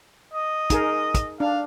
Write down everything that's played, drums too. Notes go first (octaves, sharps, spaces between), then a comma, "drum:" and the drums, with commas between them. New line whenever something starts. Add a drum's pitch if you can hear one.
D#5
D#4 G#4 A#4, drum: kick, hi-hat
drum: kick, hi-hat
D4 F5